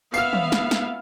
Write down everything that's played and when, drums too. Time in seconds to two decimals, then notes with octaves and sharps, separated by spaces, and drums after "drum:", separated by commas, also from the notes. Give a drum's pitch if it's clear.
0.14 B3 E5 F5 F6 C7, drum: tambourine
0.33 drum: tom
0.52 drum: snare
0.71 drum: snare